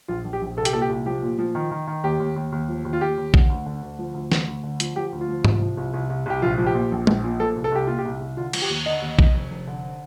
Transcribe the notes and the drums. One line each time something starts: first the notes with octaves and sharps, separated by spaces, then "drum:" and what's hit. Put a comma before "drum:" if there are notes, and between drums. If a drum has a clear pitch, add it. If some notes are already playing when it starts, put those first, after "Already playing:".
A#1 F4
A#1
G4
A#1
C2 A4
G4, drum: hi-hat
A#2 A4
G4
C2
F3 G4
A#2
F3
D#3
D#3
D#3
D#2 G4
D#2
D#2
D#2
F3
D#2
F4
D#2 G4
D#2
D3, drum: kick A#1
D2
D3
D2
F3
D2
D2, drum: snare
D2
D3
F3, drum: hi-hat
F3 G4
D2
F4
F3
C2, drum: tom G#2
F3
C2
C2
C2
C2 G4
A#1 F4
F3
G4
A#2
A#1
A#1, drum: tom
A#2
F3 A4
C2
A4
C2 G4
A#2 F4
G4
C2
C2
D3 F4
F3, drum: cymbal
G4
D#2
D3 D#5
D#2
D#2, drum: kick A#1
F1
F1
D3